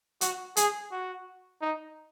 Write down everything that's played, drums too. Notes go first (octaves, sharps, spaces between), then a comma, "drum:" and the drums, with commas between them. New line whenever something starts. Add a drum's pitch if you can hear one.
F#4, drum: hi-hat
G#4, drum: hi-hat
F#4
D#4